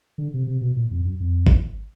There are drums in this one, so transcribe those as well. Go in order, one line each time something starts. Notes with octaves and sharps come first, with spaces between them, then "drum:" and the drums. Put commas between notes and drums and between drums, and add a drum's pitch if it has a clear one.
D3
C3
C3
B2
A#2
F2
F#2
F2
drum: kick G#1